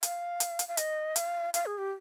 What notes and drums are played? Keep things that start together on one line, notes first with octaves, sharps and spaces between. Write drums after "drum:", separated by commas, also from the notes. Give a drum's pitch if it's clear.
F5, drum: hi-hat
drum: hi-hat
drum: hi-hat
F5
D#5, drum: hi-hat
F5, drum: hi-hat
F5, drum: hi-hat
G#4
G4